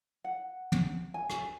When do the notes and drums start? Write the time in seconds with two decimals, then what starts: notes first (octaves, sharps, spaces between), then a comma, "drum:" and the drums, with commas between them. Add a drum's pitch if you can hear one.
0.24 F#5
0.72 drum: tom
1.14 G#5
1.30 drum: rim click